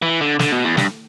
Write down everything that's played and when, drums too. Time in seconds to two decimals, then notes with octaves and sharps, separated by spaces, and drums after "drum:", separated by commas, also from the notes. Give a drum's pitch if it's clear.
0.02 E3
0.21 D3
0.39 D3, drum: snare
0.52 B2
0.64 E2
0.77 G2, drum: snare